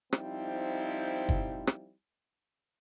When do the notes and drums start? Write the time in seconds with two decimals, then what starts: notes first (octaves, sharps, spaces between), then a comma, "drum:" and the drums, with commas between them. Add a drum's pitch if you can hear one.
0.13 F3 G3 C4 D#4 E4, drum: rim click
1.29 drum: kick
1.67 drum: rim click